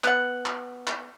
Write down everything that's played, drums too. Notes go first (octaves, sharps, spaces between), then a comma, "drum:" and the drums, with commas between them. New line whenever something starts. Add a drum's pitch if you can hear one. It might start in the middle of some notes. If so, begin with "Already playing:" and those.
B3 F#5, drum: clap
drum: clap
drum: clap